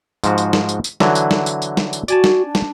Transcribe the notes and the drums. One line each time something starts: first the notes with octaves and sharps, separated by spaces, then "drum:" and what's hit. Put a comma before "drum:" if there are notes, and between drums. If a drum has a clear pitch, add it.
G#2 F3 F#4, drum: tambourine
drum: tambourine
drum: snare
drum: tambourine
drum: tambourine
D3 E3 F#3, drum: snare
drum: tambourine
drum: snare
drum: tambourine
drum: tambourine
drum: snare
drum: tambourine
F#4 D5 G#5 A5, drum: tambourine
drum: snare
D4
drum: snare